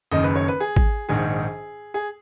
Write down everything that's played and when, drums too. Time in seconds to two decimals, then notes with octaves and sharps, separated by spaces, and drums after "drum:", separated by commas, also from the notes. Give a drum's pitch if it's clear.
0.11 F#1 F#2 D#3 D#5
0.24 B4
0.35 C#5
0.48 B4
0.60 G#4
0.76 drum: kick G#1
1.09 A#1 G#2 D#3 G#4
1.94 G#4